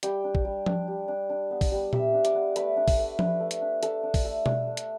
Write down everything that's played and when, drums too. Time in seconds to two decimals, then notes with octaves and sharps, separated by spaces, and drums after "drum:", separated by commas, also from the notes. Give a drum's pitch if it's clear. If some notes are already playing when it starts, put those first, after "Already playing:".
0.03 G3 G5, drum: hi-hat
0.24 D4
0.35 drum: kick
0.45 G3
0.66 D4, drum: tom F3
0.88 G3
1.08 D4
1.30 D4
1.51 B3
1.61 drum: kick, open hi-hat
1.72 G3
1.93 G3 E5, drum: tom A#2
2.14 D4
2.25 D5, drum: hi-hat
2.35 B3
2.56 A3 B4, drum: hi-hat
2.77 D4
2.88 drum: kick, open hi-hat
2.98 A3
3.19 D4 B4, drum: tom F3
3.40 A3
3.51 drum: hi-hat
3.61 D4
3.83 A3 A4, drum: hi-hat
4.03 D4
4.14 drum: kick, open hi-hat
4.25 A3
4.46 D4, drum: tom B2
4.67 A3
4.77 drum: hi-hat